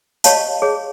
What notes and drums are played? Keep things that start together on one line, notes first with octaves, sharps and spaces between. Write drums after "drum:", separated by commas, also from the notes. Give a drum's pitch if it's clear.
G4 C#5 D#5 F5 A5, drum: tambourine
G#4 C#5